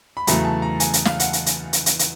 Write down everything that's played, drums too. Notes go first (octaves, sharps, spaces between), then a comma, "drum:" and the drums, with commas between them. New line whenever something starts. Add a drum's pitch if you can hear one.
B5
E2 C#3 F#3 A3 A#5, drum: hi-hat
A5
A#5
G#5, drum: hi-hat
drum: hi-hat
F5, drum: snare
F#5, drum: hi-hat
drum: hi-hat
drum: hi-hat
drum: hi-hat
drum: hi-hat
drum: hi-hat